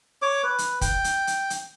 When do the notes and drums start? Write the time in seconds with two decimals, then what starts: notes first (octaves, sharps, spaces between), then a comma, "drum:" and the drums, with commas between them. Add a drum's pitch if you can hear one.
0.22 C#5 D6
0.44 B4
0.58 drum: hi-hat
0.81 G5, drum: kick, hi-hat
1.04 drum: hi-hat
1.27 drum: hi-hat
1.50 drum: hi-hat